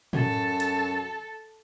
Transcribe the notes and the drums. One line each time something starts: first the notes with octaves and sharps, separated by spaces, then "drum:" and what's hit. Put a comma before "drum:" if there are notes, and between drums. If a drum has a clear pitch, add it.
F#2 A4, drum: tom A2
drum: hi-hat